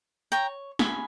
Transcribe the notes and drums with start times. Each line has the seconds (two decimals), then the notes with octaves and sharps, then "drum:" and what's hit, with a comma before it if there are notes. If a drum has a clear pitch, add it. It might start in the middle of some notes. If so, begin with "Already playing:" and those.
0.32 C#5 G5 A#5
0.79 G#4 G#5 B5, drum: snare